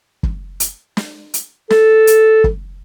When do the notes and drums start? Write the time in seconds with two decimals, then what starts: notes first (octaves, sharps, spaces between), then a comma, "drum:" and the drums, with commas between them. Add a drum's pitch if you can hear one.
0.23 drum: kick
0.60 drum: hi-hat
0.97 drum: snare
1.34 drum: hi-hat
1.70 A4, drum: snare
2.07 drum: hi-hat
2.44 drum: kick